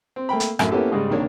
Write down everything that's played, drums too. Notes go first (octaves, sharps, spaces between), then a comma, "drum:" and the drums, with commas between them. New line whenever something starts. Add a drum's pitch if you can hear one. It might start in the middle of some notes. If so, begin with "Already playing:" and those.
C4
A3 A#3 G5 B5
drum: hi-hat
A1 F#2, drum: rim click
A#3 B3 C#4 E4 G4 A4
G#2 C#3 G3 G#3
C2 D#3 A#3 D4 C#5